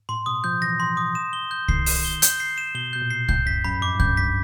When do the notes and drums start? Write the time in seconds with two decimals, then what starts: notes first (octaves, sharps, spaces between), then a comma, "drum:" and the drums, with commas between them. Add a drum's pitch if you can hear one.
0.09 A2 C6
0.26 B2 D#6
0.44 F3 G6
0.62 E3 A#6
0.80 C6
0.97 D#6
1.15 E7
1.33 G7
1.51 G6
1.68 D#3 C7, drum: kick C2
1.86 E7, drum: open hi-hat
2.05 G7
2.22 G6, drum: hi-hat
2.40 C7
2.58 E7
2.75 B2 G7
2.93 B2 G6
3.02 A#2
3.10 C7
3.29 A2 G6, drum: kick C2
3.46 F#2 B6
3.64 F#2 B5
3.82 F2 D6
3.95 G2
4.00 F#2 G6, drum: kick C2
4.17 G2 B6